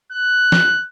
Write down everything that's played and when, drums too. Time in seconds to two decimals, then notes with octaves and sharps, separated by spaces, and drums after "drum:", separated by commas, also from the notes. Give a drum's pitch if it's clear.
0.13 F#6
0.52 drum: snare